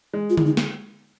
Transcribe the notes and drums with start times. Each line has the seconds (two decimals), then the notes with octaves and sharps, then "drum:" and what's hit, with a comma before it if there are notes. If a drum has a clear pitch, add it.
0.13 G#3
0.30 F4
0.37 E4, drum: tom D3
0.45 D#4
0.57 drum: snare